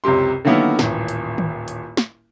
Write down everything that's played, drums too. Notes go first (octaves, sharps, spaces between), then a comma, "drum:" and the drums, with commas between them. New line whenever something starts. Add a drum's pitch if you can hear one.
C#2 F#2 C3 G4 C6
D3 D#3 F#3 A#3 B3 E4
D#1 A1, drum: snare
drum: hi-hat
drum: tom D#3
drum: hi-hat
drum: snare